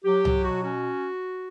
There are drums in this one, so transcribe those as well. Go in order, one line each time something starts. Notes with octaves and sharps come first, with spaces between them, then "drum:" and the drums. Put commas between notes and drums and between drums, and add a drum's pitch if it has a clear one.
F#3 G4
F#3, drum: tom C2
B2 F#4
C#4 F#4